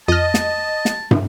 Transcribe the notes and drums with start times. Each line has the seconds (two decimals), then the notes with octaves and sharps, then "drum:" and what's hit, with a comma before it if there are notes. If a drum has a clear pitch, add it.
0.08 F2 D#5 A5 F6
0.34 drum: snare
0.85 drum: snare
1.11 drum: tom